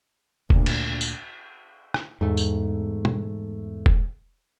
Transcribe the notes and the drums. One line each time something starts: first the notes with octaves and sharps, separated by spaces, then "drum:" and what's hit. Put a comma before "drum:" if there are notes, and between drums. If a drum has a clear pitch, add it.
D2 A#2, drum: kick E1
drum: cymbal
drum: tambourine
drum: rim click
E2 G#2 A3
drum: tambourine
drum: tom
drum: kick E1